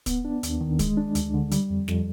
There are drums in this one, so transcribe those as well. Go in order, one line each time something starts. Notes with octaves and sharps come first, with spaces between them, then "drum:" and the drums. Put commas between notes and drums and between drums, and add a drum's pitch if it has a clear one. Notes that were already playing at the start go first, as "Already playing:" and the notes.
B3, drum: kick, hi-hat
D4
D#2, drum: hi-hat
D#3
G#3, drum: kick, hi-hat
D4
D2, drum: hi-hat
D3
G3, drum: hi-hat
F2
F2, drum: snare